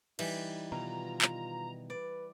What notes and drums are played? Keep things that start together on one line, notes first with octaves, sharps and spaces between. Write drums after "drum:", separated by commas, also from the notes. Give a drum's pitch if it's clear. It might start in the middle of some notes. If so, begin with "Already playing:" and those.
E3 G3 D#4, drum: cymbal
B2 D#3 F4 A#5
drum: clap
B4 D5